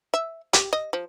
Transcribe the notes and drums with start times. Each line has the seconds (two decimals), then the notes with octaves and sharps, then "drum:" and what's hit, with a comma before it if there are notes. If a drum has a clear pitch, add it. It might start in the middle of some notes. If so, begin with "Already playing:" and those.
0.14 E5
0.53 G4, drum: hi-hat
0.73 D#5
0.93 F3